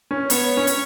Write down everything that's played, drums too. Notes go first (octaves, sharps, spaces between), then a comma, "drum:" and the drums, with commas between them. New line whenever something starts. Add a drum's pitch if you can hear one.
C#4
B3 C#5, drum: hi-hat
C#4
drum: hi-hat